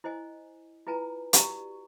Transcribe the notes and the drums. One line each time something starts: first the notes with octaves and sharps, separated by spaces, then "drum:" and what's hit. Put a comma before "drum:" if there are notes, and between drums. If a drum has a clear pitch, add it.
E4 C5 D#5 G#5
E4 F4 B4 G#5 A#5
F#4 G4 D5 A#5 C#6, drum: hi-hat